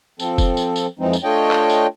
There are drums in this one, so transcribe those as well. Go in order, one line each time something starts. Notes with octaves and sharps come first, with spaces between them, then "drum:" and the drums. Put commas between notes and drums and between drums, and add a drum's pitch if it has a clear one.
F3 C4 A4, drum: tambourine
drum: kick, tambourine
drum: tambourine
drum: tambourine
F2 E3 F3 G#3 C4 D#4
drum: tambourine
A3 D4 F4 C#5 D#5 G5
drum: clap
drum: tambourine